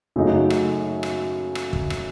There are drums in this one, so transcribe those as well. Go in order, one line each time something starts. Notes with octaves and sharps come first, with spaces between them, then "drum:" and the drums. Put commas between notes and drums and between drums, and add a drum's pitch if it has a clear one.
F#2 C#3 A3 D#4 F#4
drum: rim click
drum: rim click
drum: rim click
drum: kick
drum: rim click